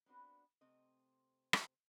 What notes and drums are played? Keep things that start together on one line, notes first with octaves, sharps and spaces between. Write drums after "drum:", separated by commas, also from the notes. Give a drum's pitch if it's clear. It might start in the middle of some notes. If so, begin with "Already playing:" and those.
B3 C4 D4 F#4 B4
C3 A3 C4 D#5
drum: rim click